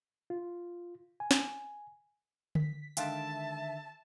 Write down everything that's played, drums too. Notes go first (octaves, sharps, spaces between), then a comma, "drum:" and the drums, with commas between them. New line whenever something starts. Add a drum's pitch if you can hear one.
F4
G#5
drum: snare
B6, drum: tom D3
D3 D#3 G#3 E5 F5 G5 A5, drum: hi-hat